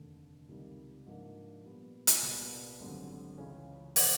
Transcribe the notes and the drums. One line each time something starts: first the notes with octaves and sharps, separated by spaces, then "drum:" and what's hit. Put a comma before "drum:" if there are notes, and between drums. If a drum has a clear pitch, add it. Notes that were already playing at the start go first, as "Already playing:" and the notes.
Already playing: F1 D#2 D3
C#2 C3 D#3 G3
G#2 F3 A#3 D4
A#2 G3 B3
drum: hi-hat
C2 A#2 G3 B3
G#1 F#2 D3 G3 C4
C#2 C#3 E3 G#3 C#4
A#2 F3, drum: open hi-hat